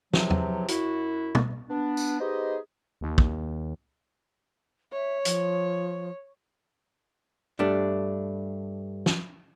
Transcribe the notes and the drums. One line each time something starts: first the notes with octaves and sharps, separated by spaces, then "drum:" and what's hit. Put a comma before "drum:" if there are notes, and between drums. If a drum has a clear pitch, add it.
E2 C3 F3 F#3, drum: snare
drum: tom E2
F#2 E4 F#4, drum: hi-hat
drum: tom
B3 D4
drum: tambourine
B3 D#4 G4 G#4 C5 D#5
D#2
drum: kick
C#5 E5
F3, drum: hi-hat
G2 A3 D4
drum: snare